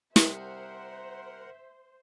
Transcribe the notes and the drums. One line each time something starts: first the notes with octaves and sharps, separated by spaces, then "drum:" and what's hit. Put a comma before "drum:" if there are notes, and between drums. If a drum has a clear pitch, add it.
C2 A#4 C5 E5 F#5, drum: snare